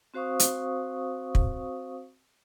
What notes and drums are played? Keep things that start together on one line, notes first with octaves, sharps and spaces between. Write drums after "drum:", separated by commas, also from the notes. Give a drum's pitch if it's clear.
C4 F#4 C5 F5 C#6 D#6
drum: hi-hat
drum: kick